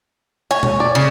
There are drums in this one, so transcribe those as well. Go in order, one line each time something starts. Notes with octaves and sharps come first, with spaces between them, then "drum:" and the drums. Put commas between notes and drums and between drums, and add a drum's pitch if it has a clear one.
C#5 G#5
drum: tom B2
D5
C#3